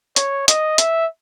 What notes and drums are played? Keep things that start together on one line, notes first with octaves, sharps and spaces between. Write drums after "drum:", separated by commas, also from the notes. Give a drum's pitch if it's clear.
C#5, drum: hi-hat
D#5, drum: hi-hat
E5, drum: hi-hat